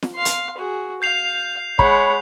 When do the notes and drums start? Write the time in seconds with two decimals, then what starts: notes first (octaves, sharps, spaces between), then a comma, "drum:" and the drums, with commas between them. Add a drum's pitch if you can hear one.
0.02 drum: snare
0.15 F5 C6
0.25 drum: hi-hat
0.58 F#4 G#4
1.02 F5 G6 C7 F7
1.79 G#3 C#5 F#5 B5, drum: kick